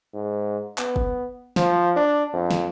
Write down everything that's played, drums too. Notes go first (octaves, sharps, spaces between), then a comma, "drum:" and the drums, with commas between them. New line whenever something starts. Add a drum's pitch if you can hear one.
G#2
B3, drum: clap
drum: kick
F3, drum: snare
D4
F2
drum: snare